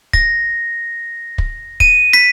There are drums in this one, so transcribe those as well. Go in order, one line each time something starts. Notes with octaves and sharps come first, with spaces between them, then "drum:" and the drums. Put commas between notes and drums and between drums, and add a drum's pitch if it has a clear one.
A#6, drum: kick
drum: kick
D#7, drum: kick
B6